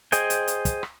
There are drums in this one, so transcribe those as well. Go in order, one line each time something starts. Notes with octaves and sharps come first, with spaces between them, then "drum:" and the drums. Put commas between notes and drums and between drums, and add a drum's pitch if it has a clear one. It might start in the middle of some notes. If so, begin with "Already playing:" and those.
G#4 C5 D#5 G5 G#5, drum: hi-hat
drum: hi-hat
drum: hi-hat
drum: kick, hi-hat
drum: rim click